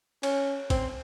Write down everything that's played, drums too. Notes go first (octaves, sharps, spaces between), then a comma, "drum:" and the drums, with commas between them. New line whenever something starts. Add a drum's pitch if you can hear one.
C#4, drum: cymbal
C4, drum: kick, cymbal